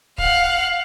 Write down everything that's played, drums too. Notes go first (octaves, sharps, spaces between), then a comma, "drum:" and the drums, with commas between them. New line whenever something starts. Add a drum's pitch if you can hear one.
F5 F#5, drum: kick